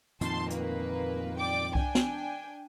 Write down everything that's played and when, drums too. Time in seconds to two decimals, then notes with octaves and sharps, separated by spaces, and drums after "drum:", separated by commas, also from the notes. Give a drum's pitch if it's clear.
0.21 F2 A#2 D#3 A5 C6, drum: hi-hat
0.50 A#3 B4, drum: hi-hat
1.38 D5 G5 D6
1.75 D4 G5 G#5, drum: kick C2
1.95 drum: snare